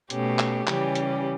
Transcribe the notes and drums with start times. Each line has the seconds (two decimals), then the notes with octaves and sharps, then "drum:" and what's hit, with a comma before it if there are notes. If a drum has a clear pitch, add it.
0.10 B2 A3 C#4 G4, drum: hi-hat
0.38 drum: clap
0.67 C#3 E3 G3 C#4 G4, drum: clap
0.95 drum: hi-hat